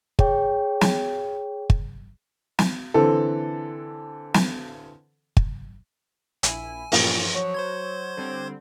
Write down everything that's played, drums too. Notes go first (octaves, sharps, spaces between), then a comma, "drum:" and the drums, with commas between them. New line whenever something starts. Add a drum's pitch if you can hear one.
G#4 C#5 G5, drum: kick
drum: snare
drum: kick
drum: snare
D3 E3 C4 A4
drum: snare
drum: kick
A#1 E4 G#5, drum: hi-hat
G2 A#2 E3 F3 C#4, drum: open hi-hat
F#3 C#5
C5 C6 G#6
D3 G3 C4